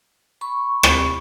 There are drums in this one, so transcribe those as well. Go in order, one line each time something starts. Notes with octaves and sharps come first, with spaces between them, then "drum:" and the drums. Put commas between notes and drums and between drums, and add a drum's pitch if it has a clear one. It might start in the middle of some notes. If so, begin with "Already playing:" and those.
B5 C#6
drum: rim click